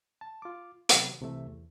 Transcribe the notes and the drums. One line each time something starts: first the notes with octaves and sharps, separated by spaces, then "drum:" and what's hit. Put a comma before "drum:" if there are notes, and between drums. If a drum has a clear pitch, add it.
A5
F4 D6
C3 D#3 F#3 B3, drum: hi-hat
C2 C3 E3 A3 E5
E2